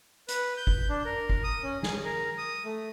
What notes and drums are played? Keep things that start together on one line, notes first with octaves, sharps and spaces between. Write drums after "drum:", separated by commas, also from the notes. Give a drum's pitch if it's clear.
B4, drum: hi-hat
G6
drum: kick
D4
A#4
drum: kick
D#6
C#4
G#4, drum: snare
A#4
D#6
A3